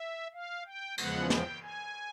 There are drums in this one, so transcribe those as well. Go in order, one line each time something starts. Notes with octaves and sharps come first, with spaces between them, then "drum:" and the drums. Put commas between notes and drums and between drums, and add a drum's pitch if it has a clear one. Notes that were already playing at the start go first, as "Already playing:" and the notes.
Already playing: E5
F5
G5
E2 C#3 F3 G#3 B3 F#5, drum: cymbal
G5, drum: snare
G#5